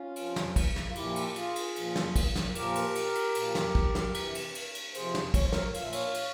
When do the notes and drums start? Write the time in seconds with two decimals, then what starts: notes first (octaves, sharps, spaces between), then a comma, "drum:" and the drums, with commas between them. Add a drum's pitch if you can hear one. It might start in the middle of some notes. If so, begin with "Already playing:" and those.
Already playing: C#4 F4
0.16 C3 F3, drum: cymbal
0.36 drum: snare
0.56 drum: kick, cymbal
0.76 drum: snare
0.87 F4
0.95 A#2 F3 E4 G4, drum: cymbal
1.16 drum: cymbal
1.36 F4 G#4, drum: cymbal
1.56 drum: cymbal
1.76 A#2 F3, drum: cymbal
1.96 drum: snare
2.16 drum: kick, cymbal
2.36 drum: snare
2.55 A#2 F3 G4 A#4, drum: cymbal
2.75 drum: cymbal
2.95 drum: cymbal
3.15 drum: cymbal
3.35 A#2 F3, drum: cymbal
3.55 drum: snare
3.75 drum: kick
3.95 drum: snare
4.14 C3 E3, drum: cymbal
4.35 drum: cymbal
4.55 drum: cymbal
4.75 drum: cymbal
4.94 C3 F3 G#4 C5, drum: cymbal
5.15 drum: snare
5.34 C#5, drum: kick, cymbal
5.44 C5
5.52 A#4 C#5, drum: snare
5.74 A#2 F3 F5, drum: cymbal
5.83 E5
5.93 C#5 F5, drum: cymbal
6.14 drum: cymbal